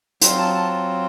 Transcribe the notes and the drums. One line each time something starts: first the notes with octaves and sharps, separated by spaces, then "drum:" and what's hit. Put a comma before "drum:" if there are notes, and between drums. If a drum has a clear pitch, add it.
F#3 C4 F4 C6, drum: hi-hat
A5
A5